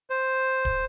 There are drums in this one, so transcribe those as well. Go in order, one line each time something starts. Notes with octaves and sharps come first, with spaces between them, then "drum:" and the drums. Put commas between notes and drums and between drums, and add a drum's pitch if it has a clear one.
C5
drum: kick D1